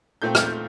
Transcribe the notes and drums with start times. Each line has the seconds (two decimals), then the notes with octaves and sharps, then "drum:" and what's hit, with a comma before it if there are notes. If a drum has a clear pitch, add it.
0.22 A#2 A3 C4 G6
0.35 F6, drum: rim click
0.46 G6